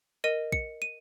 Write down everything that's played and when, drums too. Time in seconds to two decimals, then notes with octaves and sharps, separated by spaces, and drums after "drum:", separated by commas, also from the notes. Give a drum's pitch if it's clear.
0.24 A#4 D#5 D#7
0.52 C#7, drum: kick
0.82 D#7